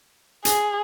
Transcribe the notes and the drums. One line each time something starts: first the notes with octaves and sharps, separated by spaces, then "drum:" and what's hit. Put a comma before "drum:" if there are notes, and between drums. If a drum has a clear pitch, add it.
G#4, drum: hi-hat